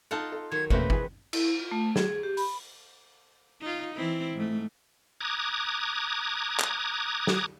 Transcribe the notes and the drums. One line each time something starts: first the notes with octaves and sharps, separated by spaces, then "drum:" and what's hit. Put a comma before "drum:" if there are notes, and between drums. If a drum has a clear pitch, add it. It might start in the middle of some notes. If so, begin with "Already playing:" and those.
D#4 F4 A4 F#5 A5
A4
D#3 F#3 G#6
E2 B2 A3 A#3 C4 C#4 F#4 B4, drum: kick
E3 G#4, drum: kick
E4, drum: cymbal
F4
A3
G#4, drum: snare
G4
B5, drum: open hi-hat
D#4 F4
E3 C4 E4
G#2 A3
A#5 D6 D#6 F#6 G#6
drum: clap
drum: snare